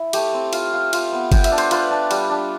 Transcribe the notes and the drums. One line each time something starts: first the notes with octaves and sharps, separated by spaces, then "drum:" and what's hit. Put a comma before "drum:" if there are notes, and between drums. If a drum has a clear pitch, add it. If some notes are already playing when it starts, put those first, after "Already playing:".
Already playing: E4
A3 G4, drum: cymbal
C4
F4 F5, drum: cymbal
F4
F4, drum: cymbal
B3
B3 G5, drum: kick, cymbal
E5, drum: cymbal
D4
C5, drum: cymbal
F4 B4, drum: cymbal
D4
G3, drum: cymbal
D4